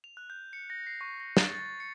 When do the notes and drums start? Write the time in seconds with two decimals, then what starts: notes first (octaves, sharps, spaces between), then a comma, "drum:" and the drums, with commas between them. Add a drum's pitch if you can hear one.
0.04 F7
0.17 F#6
0.30 G6
0.53 C#7
0.70 A#6
0.86 C7
1.01 C#6
1.20 A#6
1.37 A6, drum: snare
1.54 A6
1.80 C#7